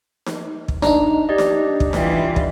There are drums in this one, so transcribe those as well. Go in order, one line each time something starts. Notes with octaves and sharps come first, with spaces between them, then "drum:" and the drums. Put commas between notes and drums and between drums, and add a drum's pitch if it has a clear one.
drum: snare D#4
drum: kick
D4 D#4 A#5, drum: snare D#4
G4 D5 D#5
drum: snare D#4
drum: kick
E3 G3 F4, drum: snare D#4
drum: kick